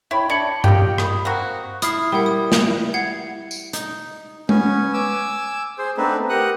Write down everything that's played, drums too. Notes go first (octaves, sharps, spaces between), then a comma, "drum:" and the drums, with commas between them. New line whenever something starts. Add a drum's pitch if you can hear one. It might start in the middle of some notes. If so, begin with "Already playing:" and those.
E4 C#5 G5 B5
D4 G#6 C#7 F#7
F4 G4 D#5 G5, drum: tom G2
B5 D#6, drum: rim click
A#3 C4 F#4
E4 D#6 F6 C7, drum: hi-hat
G3 E4 A#4 F#5
D#6
drum: snare
F#5 G#6 C7
drum: tambourine
D#4, drum: hi-hat
B3 C#4 G#5, drum: tom G#3
G#5 D6 E6
G#4 C5
A3 B3 C4 D4 D#4 B4
G4 A#4 F#5 D#6 F#6